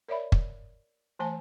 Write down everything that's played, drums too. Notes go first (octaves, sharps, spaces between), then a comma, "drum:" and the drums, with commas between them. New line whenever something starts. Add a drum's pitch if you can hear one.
A#4 C#5 D5 E5 B5
drum: kick
E3 A3 C5 G#5 A5